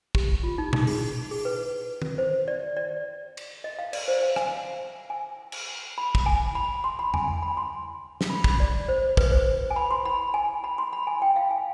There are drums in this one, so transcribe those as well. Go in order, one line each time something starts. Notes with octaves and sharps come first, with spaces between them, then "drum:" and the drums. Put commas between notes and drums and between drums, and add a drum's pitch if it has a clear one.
G4, drum: kick
F4
D#4
D#4, drum: tom A#2
G#4, drum: open hi-hat
G#4, drum: open hi-hat
B4
drum: tom D#3
C5
D5
D5
drum: cymbal
D#5
F5
D5, drum: cymbal
C5
F5
G#5, drum: rim click
G#5
drum: cymbal
B5
drum: kick
G#5
B5
C6
B5
G#5, drum: tom E2
G#5
B5
C6
drum: snare
B5
B5, drum: kick
D5
C5
B4, drum: kick
C5
G#5
B5
C6
B5
G#5
B5
C6
B5
G#5
G5
F5
G#5